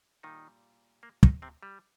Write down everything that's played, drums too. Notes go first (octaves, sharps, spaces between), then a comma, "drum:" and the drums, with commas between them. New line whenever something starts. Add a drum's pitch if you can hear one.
A#2 D#3 G3 D#4
A#3
D#3 D#4, drum: kick
C3 C4
G3